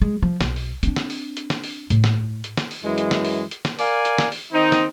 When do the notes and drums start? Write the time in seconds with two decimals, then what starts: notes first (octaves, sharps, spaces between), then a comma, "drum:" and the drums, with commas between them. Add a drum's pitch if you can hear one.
0.02 G#3
0.23 F3
0.41 B1, drum: snare
0.56 drum: open hi-hat
0.83 C4 D4, drum: hi-hat
0.96 drum: snare
1.10 drum: open hi-hat
1.37 drum: hi-hat
1.50 drum: snare
1.64 drum: open hi-hat
1.90 A2, drum: hi-hat
2.04 drum: snare
2.44 drum: hi-hat
2.57 drum: snare
2.71 drum: open hi-hat
2.84 F#2 E3 G#3
2.98 drum: hi-hat
3.11 drum: snare
3.25 drum: open hi-hat
3.51 drum: hi-hat
3.65 drum: snare
3.79 A#4 D5 F5 G#5, drum: open hi-hat
4.05 drum: hi-hat
4.18 drum: snare
4.32 drum: open hi-hat
4.53 D#3 C4 D#4
4.72 drum: snare